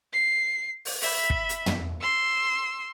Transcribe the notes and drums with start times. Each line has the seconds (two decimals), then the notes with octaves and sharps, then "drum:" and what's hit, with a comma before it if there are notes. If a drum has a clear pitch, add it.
0.13 C7
0.85 drum: open hi-hat
1.01 E5 B5, drum: open hi-hat
1.30 drum: kick
1.49 drum: hi-hat
1.66 drum: tom
2.01 C6 E6